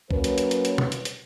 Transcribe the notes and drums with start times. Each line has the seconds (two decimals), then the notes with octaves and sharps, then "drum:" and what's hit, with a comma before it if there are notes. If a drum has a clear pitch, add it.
0.11 F#3 A#3 C#4 A#4 B4, drum: kick B1
0.24 drum: hi-hat
0.38 drum: hi-hat
0.51 drum: hi-hat
0.65 drum: hi-hat
0.78 drum: tom
0.92 drum: hi-hat
1.05 drum: hi-hat